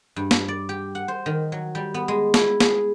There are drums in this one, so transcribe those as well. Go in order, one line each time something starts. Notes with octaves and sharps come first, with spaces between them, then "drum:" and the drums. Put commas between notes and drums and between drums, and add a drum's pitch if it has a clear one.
G2
drum: snare
D5
G4
F#5
C5
D#3
F#3
G3
B3
G#3
E4, drum: snare
G#4, drum: snare